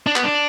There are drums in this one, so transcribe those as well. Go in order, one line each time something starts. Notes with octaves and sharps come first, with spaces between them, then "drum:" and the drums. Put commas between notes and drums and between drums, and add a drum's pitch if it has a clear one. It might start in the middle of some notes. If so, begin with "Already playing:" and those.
D4
B3, drum: clap
D4